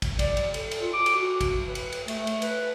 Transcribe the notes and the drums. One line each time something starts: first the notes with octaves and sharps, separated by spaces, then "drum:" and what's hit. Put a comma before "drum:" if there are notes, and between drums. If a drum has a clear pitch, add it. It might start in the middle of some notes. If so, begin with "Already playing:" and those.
drum: kick, cymbal
D5, drum: kick, cymbal
drum: cymbal
A4, drum: cymbal
drum: cymbal
F4
D6
drum: cymbal
F#4
drum: kick, cymbal
B4
drum: cymbal
drum: cymbal
A3, drum: cymbal
drum: cymbal
B4, drum: cymbal